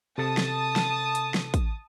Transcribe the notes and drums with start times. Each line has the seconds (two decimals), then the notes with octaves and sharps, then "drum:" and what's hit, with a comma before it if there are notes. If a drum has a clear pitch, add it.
0.18 C3 A4 A5 D#6 A6
0.37 drum: snare
0.76 drum: snare
1.15 drum: hi-hat
1.34 drum: snare
1.54 drum: kick, hi-hat